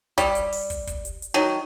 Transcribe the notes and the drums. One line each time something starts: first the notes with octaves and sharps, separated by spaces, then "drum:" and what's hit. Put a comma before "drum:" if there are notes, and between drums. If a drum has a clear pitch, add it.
G3, drum: kick, hi-hat
drum: hi-hat
drum: open hi-hat
drum: kick, hi-hat
drum: kick, hi-hat
drum: hi-hat
drum: hi-hat
D#3 F#3